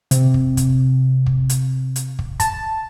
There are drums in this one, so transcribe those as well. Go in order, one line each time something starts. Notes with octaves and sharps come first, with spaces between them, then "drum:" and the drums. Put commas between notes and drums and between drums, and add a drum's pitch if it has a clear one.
C3, drum: hi-hat
drum: kick
drum: kick, hi-hat
drum: kick
drum: hi-hat
drum: hi-hat
drum: kick
A5, drum: kick, hi-hat